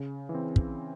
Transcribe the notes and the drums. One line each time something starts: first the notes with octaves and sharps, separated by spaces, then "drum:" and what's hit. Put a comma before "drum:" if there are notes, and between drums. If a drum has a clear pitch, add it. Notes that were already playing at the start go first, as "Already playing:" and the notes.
Already playing: C#3
E3
C4
drum: kick